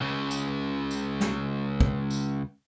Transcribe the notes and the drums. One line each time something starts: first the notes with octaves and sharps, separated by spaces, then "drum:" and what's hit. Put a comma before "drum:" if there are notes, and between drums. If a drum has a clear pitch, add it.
C#2 C#3
drum: tambourine
drum: tambourine
drum: snare
drum: kick
drum: tambourine